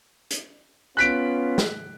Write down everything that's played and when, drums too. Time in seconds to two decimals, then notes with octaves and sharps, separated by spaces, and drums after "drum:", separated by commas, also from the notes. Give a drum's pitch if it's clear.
0.31 drum: hi-hat
0.97 B3 C#4 F4 F#6 B6 D7
1.58 drum: snare